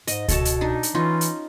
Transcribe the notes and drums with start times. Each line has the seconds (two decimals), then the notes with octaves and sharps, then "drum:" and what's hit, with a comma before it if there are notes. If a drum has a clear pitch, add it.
0.07 G#2 D#5, drum: hi-hat
0.28 B2 A4 C#5 A5, drum: kick C#2, hi-hat
0.45 drum: hi-hat
0.61 D4 D#4
0.83 drum: hi-hat
0.95 E3 C#4 D#4 F4
1.21 drum: hi-hat